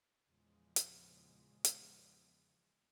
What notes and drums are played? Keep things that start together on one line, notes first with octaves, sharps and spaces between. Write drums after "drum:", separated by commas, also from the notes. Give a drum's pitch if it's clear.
E2 A#2 C#3 F3 G#3
drum: hi-hat
drum: hi-hat